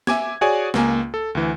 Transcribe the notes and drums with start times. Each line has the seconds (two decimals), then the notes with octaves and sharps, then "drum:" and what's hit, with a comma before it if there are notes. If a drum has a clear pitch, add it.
0.07 E5 G#5 D6 G#6, drum: snare
0.41 F#4 G#4 C#5 D5 G#5
0.74 C#2 A#3 G#5, drum: snare
1.14 A4
1.35 D2 E3